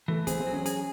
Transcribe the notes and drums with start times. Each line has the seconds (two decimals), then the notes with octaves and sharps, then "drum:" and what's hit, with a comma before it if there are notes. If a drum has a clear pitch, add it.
0.08 E3 A3
0.27 C4 G#4, drum: kick, hi-hat
0.40 C4
0.47 F#3
0.53 C#4
0.66 G#4, drum: hi-hat